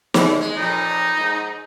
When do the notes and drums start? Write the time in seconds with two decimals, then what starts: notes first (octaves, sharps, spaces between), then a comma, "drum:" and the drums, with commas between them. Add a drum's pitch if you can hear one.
0.14 C#3, drum: snare
0.41 G#3
0.57 F2 A#2 D#4
1.17 G#2